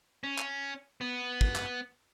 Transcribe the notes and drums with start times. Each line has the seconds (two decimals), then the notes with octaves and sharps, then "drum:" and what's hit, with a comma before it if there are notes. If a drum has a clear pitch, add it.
0.24 C#4
0.38 drum: clap
1.01 B3
1.41 drum: kick
1.56 drum: clap